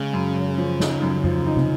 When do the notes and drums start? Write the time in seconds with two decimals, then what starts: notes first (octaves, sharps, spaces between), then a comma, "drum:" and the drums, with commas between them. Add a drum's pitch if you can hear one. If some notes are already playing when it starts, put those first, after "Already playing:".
Already playing: C#3 G#3
0.13 F#2
0.35 F#2
0.58 F3
0.80 D#4, drum: snare
1.02 F#2
1.24 F3, drum: tom F2
1.46 D#4
1.57 drum: tom